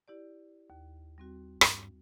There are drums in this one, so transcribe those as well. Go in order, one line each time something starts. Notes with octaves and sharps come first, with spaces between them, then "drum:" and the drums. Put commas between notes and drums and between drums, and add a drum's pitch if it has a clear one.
E4 G4 D5
D#2
G3 C4 F#4
G2, drum: rim click